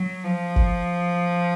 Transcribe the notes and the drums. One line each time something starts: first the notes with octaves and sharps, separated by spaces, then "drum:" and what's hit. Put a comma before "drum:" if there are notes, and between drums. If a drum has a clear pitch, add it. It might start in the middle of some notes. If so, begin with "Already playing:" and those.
Already playing: F#3
F3
drum: kick G1